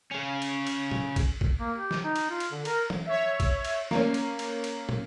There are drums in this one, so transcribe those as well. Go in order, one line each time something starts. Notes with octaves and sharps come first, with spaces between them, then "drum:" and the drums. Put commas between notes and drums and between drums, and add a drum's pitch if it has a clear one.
C#3 C#4
drum: cymbal
drum: cymbal
drum: tom
drum: kick A#1, cymbal
drum: kick A#1
A#3
G4
drum: snare
D#4
drum: cymbal
F4
drum: cymbal
D3
A#4, drum: cymbal
drum: tom E3
C#5 E5
drum: kick A#1, cymbal
drum: cymbal
A#3 C#4, drum: snare
drum: cymbal
drum: cymbal
drum: cymbal
drum: tom